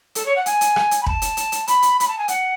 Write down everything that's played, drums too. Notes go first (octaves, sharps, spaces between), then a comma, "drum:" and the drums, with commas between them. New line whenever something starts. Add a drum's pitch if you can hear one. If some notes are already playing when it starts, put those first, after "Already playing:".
A4, drum: hi-hat
C#5
F#5
G#5, drum: hi-hat
drum: hi-hat
drum: rim click
drum: hi-hat
B5
A5, drum: kick
drum: hi-hat
drum: hi-hat
drum: hi-hat
B5, drum: hi-hat
drum: hi-hat
B5, drum: hi-hat
A5
G#5
F#5, drum: hi-hat